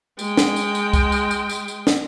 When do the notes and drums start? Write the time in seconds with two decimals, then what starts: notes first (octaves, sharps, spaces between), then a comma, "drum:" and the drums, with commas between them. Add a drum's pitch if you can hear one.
0.19 G#3 G5, drum: tambourine
0.37 drum: snare
0.56 drum: tambourine
0.75 drum: tambourine
0.93 drum: kick, tambourine
1.12 drum: tambourine
1.31 drum: tambourine
1.49 drum: tambourine
1.68 drum: tambourine
1.87 drum: snare